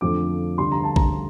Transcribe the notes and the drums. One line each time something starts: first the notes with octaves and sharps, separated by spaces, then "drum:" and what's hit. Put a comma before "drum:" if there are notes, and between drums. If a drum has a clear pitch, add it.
F2 D3 F3 A3 D6
D2 D3 G3 C6
A#5
A5
A#5, drum: kick